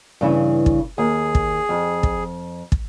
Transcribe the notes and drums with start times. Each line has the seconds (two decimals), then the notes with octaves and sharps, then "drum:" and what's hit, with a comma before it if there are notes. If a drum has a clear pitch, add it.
0.21 G2 C#3 E3
0.66 drum: kick
0.98 D#2 G#4
1.35 drum: kick
1.69 F2
2.03 drum: kick
2.72 drum: kick